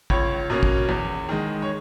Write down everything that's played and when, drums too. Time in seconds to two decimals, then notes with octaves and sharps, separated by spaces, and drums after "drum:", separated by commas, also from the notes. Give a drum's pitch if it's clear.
0.10 C#2 C#5, drum: kick
0.50 B2 A#3 C#4
0.63 drum: kick
0.89 E2
1.29 D#3 G#3
1.62 C#5